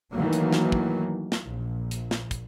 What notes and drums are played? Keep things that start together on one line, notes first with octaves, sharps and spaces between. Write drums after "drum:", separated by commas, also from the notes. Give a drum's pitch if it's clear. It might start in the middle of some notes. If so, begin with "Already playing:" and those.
D#3 E3 F#3 A3 A#3
drum: hi-hat
drum: snare
drum: kick
drum: snare
A#1
drum: hi-hat
drum: snare
drum: kick, hi-hat